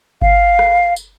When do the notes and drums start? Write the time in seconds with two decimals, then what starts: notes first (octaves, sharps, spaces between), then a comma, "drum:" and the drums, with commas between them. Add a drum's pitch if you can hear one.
0.22 F5, drum: kick G1
0.59 drum: rim click
0.96 drum: tambourine